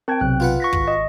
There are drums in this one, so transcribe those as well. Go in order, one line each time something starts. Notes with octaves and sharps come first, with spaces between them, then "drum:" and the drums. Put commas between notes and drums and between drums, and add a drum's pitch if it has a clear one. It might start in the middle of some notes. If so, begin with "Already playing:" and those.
C4 A#4 G5 A5 G#6
B1 C3 F#6
F4 B4 F#5
C#6 A#6 B6
G#1, drum: kick
D#5